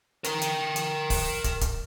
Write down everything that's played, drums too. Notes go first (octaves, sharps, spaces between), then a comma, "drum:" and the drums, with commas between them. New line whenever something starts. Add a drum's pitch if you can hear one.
A#4 G5, drum: hi-hat
drum: hi-hat
drum: hi-hat
drum: kick, open hi-hat
drum: kick, hi-hat
drum: kick, hi-hat